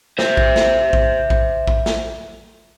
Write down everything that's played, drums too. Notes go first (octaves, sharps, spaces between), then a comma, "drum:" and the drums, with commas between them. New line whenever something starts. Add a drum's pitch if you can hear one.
C5 E5, drum: snare
drum: kick A#1
drum: snare
drum: kick A#1
drum: kick A#1
drum: kick A#1
drum: snare